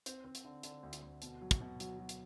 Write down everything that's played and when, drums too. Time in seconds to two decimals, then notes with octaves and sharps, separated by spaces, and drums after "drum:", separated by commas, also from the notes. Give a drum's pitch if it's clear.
0.06 C4, drum: hi-hat
0.25 C4
0.35 drum: hi-hat
0.45 D3
0.63 D3, drum: hi-hat
0.83 D2
0.93 drum: hi-hat
1.02 D2
1.22 B2, drum: hi-hat
1.41 F#3
1.51 drum: kick, hi-hat
1.61 B2
1.80 F#3, drum: hi-hat
1.99 F#3
2.09 drum: hi-hat